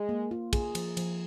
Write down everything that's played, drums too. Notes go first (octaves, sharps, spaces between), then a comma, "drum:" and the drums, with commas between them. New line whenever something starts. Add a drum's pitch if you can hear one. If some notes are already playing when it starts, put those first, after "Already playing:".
Already playing: G#3
A#3
F4
G#4, drum: kick, cymbal
F3, drum: cymbal
F3, drum: cymbal